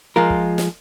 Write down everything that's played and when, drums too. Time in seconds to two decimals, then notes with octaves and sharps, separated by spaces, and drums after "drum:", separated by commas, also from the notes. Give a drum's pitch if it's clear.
0.16 F3 G#3 F4 A#4
0.30 drum: kick
0.58 drum: snare